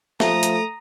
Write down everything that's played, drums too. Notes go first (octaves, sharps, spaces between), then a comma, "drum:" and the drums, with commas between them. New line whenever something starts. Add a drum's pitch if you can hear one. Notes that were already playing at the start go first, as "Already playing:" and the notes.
F3 A3 A#5 D#6, drum: snare
drum: hi-hat